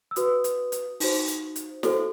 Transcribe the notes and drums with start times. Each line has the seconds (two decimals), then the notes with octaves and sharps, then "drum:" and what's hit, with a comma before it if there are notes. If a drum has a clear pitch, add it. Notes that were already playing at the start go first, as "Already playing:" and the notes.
0.11 E6
0.16 F#4 B4 D#6, drum: hi-hat
0.44 drum: hi-hat
0.72 drum: hi-hat
1.00 D#4 F#4 C5, drum: open hi-hat
1.28 drum: hi-hat
1.56 drum: hi-hat
1.83 F#4 A4 C5, drum: snare